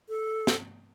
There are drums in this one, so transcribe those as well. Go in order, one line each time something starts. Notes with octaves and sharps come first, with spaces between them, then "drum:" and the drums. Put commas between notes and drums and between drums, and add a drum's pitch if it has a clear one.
A4
drum: snare